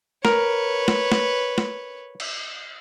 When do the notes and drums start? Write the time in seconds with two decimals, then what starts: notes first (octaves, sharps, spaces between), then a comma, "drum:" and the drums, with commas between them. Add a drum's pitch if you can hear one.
0.25 A#4 B4 C#5, drum: snare
0.88 drum: snare
1.12 drum: snare
1.58 drum: snare
2.20 drum: cymbal